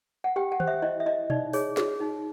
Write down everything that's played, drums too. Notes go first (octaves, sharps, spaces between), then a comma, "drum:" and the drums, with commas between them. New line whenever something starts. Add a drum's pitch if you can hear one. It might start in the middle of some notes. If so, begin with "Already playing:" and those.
F#5
G4 G5
F#5
C5, drum: tom D#3
E5
E4 D#5
E5
E4 D#5
D#4 D5, drum: tom B2
G#4 C#5, drum: open hi-hat
G#4, drum: snare
D#4